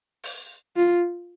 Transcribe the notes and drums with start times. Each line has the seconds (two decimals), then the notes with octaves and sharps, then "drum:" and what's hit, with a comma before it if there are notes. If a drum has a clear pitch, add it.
0.24 drum: open hi-hat
0.76 F4